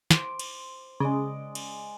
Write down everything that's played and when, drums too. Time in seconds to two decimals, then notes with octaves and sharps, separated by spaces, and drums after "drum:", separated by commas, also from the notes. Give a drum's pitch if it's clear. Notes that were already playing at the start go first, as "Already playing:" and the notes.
0.11 C5 D6, drum: snare
0.39 drum: cymbal
1.00 C#3 G#3 D5 D#5
1.55 drum: cymbal